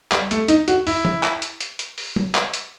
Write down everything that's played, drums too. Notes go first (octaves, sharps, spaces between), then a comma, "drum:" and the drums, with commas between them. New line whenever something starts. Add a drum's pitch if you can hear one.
G3, drum: clap
A3, drum: hi-hat
D#4, drum: hi-hat
F#4, drum: hi-hat
E4, drum: open hi-hat
drum: tom
drum: clap
drum: hi-hat
drum: hi-hat
drum: hi-hat
drum: open hi-hat
drum: tom
drum: clap
drum: hi-hat